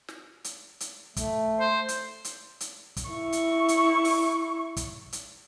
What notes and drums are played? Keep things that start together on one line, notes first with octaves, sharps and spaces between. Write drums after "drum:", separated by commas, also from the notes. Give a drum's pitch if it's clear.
drum: snare
drum: hi-hat
drum: hi-hat
A3, drum: kick, hi-hat
C5
drum: hi-hat
drum: hi-hat
drum: hi-hat
drum: kick, hi-hat
E4 C#6
drum: hi-hat
drum: hi-hat
drum: open hi-hat
drum: kick, hi-hat
drum: hi-hat